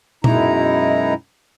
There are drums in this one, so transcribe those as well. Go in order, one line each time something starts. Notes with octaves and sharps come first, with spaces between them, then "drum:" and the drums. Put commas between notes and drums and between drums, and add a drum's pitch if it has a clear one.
F#2 B2 G#3 D#4 E4 A#5, drum: tom A#2